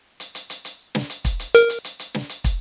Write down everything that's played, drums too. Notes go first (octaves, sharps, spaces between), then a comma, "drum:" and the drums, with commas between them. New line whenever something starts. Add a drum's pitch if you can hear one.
drum: hi-hat
drum: hi-hat
drum: hi-hat
drum: hi-hat
drum: snare
drum: hi-hat
drum: kick, hi-hat
drum: hi-hat
A#4, drum: hi-hat
drum: hi-hat
drum: hi-hat
drum: hi-hat
drum: snare
drum: hi-hat
drum: kick, hi-hat